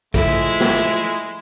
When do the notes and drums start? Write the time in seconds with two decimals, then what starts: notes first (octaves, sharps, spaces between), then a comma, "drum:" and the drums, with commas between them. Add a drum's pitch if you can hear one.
0.14 F3 G#3 A3 E4, drum: kick, tambourine
0.60 drum: snare